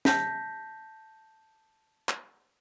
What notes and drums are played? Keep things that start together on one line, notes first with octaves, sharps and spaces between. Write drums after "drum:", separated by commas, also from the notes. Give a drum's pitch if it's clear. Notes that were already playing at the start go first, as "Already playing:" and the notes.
A5 G6 A#6 B6, drum: snare
drum: clap